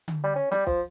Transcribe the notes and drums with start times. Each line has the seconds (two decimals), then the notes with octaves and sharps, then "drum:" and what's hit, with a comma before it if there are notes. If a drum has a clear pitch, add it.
0.08 drum: tom D3
0.24 G3
0.36 C#4
0.51 G3, drum: snare
0.67 F3, drum: kick